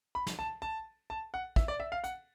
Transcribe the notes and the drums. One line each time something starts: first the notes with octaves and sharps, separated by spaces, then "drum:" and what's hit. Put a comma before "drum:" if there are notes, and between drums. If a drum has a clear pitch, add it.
B5
drum: snare
A5
A5
A5
F#5
E5, drum: kick
D5
E5
F5
F#5, drum: hi-hat